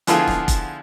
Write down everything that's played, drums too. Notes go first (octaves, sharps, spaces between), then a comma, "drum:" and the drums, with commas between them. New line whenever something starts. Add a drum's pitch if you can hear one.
D3 F3 B3 E4 F4 G#4, drum: hi-hat
drum: snare
drum: kick F1, hi-hat